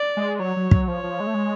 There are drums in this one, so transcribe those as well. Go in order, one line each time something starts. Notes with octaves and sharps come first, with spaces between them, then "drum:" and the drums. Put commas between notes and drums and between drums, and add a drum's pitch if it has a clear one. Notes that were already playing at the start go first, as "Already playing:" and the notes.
Already playing: D5
G#3
F#3 C#5
F#3
F#3, drum: kick
F3 C#5
F3
G#3
A3
G#3